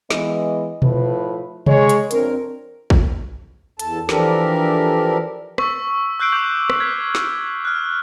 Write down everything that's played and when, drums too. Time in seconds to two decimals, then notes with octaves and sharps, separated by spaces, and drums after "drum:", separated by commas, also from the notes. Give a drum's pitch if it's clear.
0.10 E3 G#3 B3 D#5, drum: snare
0.82 A2 F3 B4, drum: tom B2
1.66 G#3 C#5, drum: tom C3
1.89 drum: hi-hat
2.11 F2 C4 D4 A#4, drum: hi-hat
2.90 drum: kick
3.79 E2 A4 A5, drum: hi-hat
4.09 E3 F3 D4 G4 A4 A#4, drum: snare
5.58 C#6 E6 B6, drum: rim click
6.20 E6 F#6 G6 C7 D7
6.32 D6 G6 F#7
6.70 drum: rim click
6.80 F6 G#6 B6
7.15 drum: snare
7.65 F6 F#6